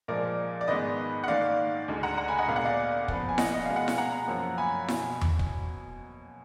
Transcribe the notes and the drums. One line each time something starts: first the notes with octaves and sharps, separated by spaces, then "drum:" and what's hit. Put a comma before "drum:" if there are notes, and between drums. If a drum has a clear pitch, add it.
A#2 F3 G#3 A#4 D5
D5
G#2 D#3 G#3 B3 B4 D#5
F#5
G#2 D#3 A#3 D5 F5
D2 D3 G#3
F#5 A#5
F#5 A#5
G#5 B5
D#5 F#5
A#2 G#3 B3 F5
F#5
D5 F5
A#2 F3 B3, drum: kick
G#5
D#5 F#5, drum: snare E4
D#5
B2 G#3 B3 F5
F#5
G#5, drum: snare E4
F#5 A#5
F#2 F3 A#3
G#5 B5
B2, drum: snare E4
drum: tom E2
drum: kick